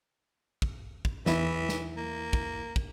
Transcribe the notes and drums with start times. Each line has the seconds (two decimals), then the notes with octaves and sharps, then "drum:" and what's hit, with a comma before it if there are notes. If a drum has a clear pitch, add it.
0.62 drum: kick
1.05 drum: kick
1.26 E2 E3 E4, drum: snare
1.69 drum: snare
1.97 A#3
2.33 drum: kick
2.76 drum: kick